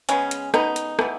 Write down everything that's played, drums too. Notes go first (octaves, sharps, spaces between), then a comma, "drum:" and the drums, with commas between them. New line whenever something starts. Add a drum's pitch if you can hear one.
C#3 G#3 B3 C#4, drum: hi-hat
drum: hi-hat
B3 D#4, drum: rim click
drum: hi-hat
E3 B3, drum: rim click